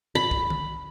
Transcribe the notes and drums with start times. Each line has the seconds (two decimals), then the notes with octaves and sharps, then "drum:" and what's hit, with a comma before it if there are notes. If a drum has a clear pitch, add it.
0.15 B5, drum: tom A2
0.31 drum: kick
0.50 drum: tom D3